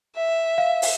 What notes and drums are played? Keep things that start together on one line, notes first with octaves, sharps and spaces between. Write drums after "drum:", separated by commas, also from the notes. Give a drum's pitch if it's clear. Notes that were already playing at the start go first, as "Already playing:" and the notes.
E5
F5
drum: open hi-hat